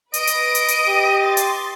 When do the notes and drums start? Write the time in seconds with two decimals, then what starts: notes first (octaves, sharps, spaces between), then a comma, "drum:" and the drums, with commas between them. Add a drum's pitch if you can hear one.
0.14 B4 D#5 D7, drum: hi-hat
0.27 drum: hi-hat
0.55 drum: hi-hat
0.68 drum: hi-hat
0.87 G4
1.18 C6 A6
1.37 drum: hi-hat